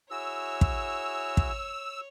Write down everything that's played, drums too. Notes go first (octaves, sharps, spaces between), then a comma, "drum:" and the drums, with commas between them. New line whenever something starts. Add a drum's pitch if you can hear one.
E4 F#4 G#4 C#5 E6
drum: kick
drum: kick